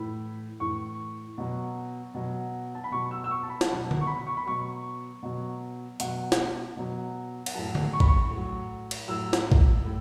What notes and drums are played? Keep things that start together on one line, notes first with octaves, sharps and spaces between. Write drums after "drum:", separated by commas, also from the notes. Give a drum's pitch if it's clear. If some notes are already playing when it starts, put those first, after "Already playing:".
Already playing: A2 E3 B5
A2 E3 C#6
B2 F#3
B2 F#3
A5
B5
B2 F#3 C#6
E6
E6
C#6
A5
B5
A5, drum: snare
B2 F#3 F#5
drum: tom D3
C#6
B5
C#6
B5
B2 F#3 C#6
B2 F#3
B2 F#3 F#5, drum: hi-hat
drum: snare
B2 F#3
F#5, drum: cymbal
A2 F#3 A5
drum: tom D3
C#6
B5, drum: kick A1
C#6
A2
F#3
drum: cymbal
A2 F#3 E6
drum: snare
drum: kick A1
A2